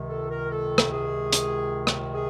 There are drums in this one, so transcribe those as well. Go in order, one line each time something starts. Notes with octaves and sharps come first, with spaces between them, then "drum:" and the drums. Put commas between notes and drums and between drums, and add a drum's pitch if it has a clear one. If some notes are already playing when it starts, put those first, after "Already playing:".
Already playing: C#2 C3 D#3
A4
A#4
A4
drum: rim click
G#4
drum: hi-hat
drum: rim click
G#4